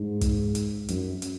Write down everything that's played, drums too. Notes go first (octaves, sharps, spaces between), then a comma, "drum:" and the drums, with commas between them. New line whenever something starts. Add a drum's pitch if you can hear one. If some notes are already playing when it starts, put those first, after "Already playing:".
Already playing: G#2
drum: kick, hi-hat
drum: hi-hat
F#2, drum: hi-hat
drum: hi-hat